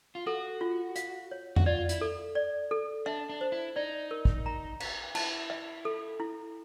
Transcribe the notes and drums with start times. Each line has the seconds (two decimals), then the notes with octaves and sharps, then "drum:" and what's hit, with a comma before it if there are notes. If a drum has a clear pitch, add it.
0.15 F4
0.26 F#4 A4
0.61 F4
0.96 F5, drum: hi-hat
1.31 C#5
1.56 F#4, drum: tom F2
1.66 F4 D5
1.89 E4, drum: hi-hat
2.01 A4
2.35 D5
2.71 A4
3.06 D4 E5
3.29 D4
3.41 C5
3.52 E4
3.76 D#4 D5
4.11 A#4
4.25 drum: kick
4.46 A#5
4.80 F5, drum: cymbal
5.15 E4 A5, drum: cymbal
5.50 E5
5.85 A4
6.20 E4